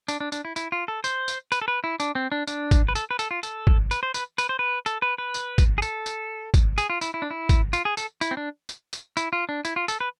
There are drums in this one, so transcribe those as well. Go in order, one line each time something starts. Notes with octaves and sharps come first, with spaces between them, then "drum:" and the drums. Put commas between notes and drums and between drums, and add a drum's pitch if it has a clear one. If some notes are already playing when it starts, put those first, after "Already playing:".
D4, drum: tambourine
D4
D4, drum: tambourine
E4
E4, drum: tambourine
F4
A4
C5, drum: tambourine
drum: tambourine
B4, drum: tambourine
A4
B4
E4
D4, drum: tambourine
C4
D4
D4, drum: tambourine
drum: kick, tambourine
B4
A4, drum: tambourine
B4
A4, drum: tambourine
F4
A4, drum: tambourine
drum: kick
B4, drum: tambourine
C5
B4, drum: tambourine
B4, drum: tambourine
C5
B4
A4, drum: tambourine
B4
B4
drum: tambourine
drum: kick, tambourine
G#4
A4, drum: tambourine
drum: tambourine
drum: kick, tambourine
G#4, drum: tambourine
F4
E4, drum: tambourine
E4
D4
E4
drum: kick, tambourine
F4, drum: tambourine
G#4
A4, drum: tambourine
E4, drum: tambourine
C4
D4
drum: tambourine
drum: tambourine
E4, drum: tambourine
F4
D4
E4, drum: tambourine
F4
A4, drum: tambourine
B4